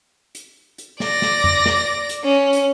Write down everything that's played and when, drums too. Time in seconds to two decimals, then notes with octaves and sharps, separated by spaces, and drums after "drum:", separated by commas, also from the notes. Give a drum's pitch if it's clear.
0.35 drum: hi-hat
0.78 drum: hi-hat
1.00 D5 A#6, drum: snare
1.22 drum: snare
1.44 drum: tom F2
1.66 drum: snare
2.09 drum: hi-hat
2.24 C#4
2.53 drum: hi-hat